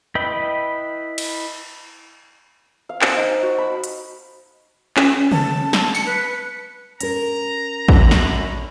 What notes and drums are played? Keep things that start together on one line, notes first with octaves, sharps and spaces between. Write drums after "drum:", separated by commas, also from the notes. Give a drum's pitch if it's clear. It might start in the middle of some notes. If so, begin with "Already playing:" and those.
E4 B4 D#5 G5 B5
drum: cymbal
F5
C5, drum: clap
D#4
F#4
B5
drum: hi-hat
C#4, drum: clap
A5, drum: tom C#3
drum: snare
A5 C#7, drum: tambourine
B4
C#4 A#4 A#5, drum: hi-hat
F#2 D3 B5, drum: kick
drum: snare